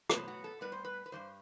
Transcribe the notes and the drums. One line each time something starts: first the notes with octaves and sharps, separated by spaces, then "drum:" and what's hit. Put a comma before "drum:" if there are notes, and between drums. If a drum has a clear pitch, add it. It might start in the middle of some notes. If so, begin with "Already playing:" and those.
A2 F#3 B3 C5, drum: rim click
F#4
A4
A2 G3 B3 B4
C5
B4
B4
G2 E3 G3 C5